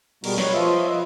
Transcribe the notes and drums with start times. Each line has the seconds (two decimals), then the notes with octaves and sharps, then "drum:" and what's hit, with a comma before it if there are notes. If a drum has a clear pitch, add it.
0.24 B2 G3 G#3 B3 F#4 A#4, drum: cymbal
0.38 B4 C#5, drum: snare
0.54 F3 F4 D#5 E5
0.89 B4 D#5